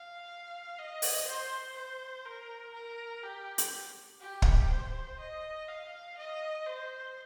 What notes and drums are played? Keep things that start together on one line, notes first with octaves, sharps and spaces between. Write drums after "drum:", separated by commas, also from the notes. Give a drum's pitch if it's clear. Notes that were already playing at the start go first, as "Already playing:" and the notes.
Already playing: F5
D#5
drum: open hi-hat
C5
C5
A#4
A#4
G4
drum: hi-hat
G4
drum: kick
C5
D#5
F5
D#5
C5